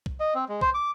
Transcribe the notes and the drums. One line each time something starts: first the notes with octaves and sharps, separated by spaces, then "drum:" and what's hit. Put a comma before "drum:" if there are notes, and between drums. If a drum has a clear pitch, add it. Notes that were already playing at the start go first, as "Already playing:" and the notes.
drum: kick
D#5
C4
G#3
C5, drum: kick
D6